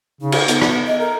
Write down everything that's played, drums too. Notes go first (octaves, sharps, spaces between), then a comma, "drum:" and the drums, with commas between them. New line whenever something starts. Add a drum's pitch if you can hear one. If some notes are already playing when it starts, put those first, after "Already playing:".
C#3 D#4
drum: cymbal
B3 D#4, drum: hi-hat
drum: rim click
D#5
A4 A#4